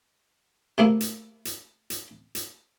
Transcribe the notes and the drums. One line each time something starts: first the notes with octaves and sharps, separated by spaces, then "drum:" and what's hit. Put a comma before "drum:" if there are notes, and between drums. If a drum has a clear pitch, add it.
C3 A3 A#3 E4
drum: hi-hat
drum: hi-hat
drum: hi-hat
drum: hi-hat